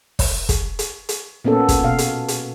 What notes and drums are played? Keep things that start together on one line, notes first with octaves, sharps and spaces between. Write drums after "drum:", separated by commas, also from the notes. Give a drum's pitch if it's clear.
drum: kick, open hi-hat
drum: kick, hi-hat
drum: hi-hat
drum: hi-hat
A#2 A#3 B3 C#4 A4
drum: kick, hi-hat
B2 F5
drum: hi-hat
drum: hi-hat